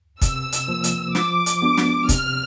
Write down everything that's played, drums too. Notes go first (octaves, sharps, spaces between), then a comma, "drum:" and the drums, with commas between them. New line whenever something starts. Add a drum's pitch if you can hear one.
C3 E6, drum: kick, hi-hat
drum: hi-hat
F3 A#3
drum: hi-hat
F3 D6, drum: snare
drum: hi-hat
G#3 B3 D4 F#4
drum: snare
C3 F6, drum: kick, hi-hat